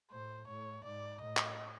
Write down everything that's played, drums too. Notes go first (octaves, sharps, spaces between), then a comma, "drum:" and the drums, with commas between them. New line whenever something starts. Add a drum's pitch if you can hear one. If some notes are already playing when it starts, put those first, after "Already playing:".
A2 C5
A2 C#5
G#2 D5
A2 D#5
drum: clap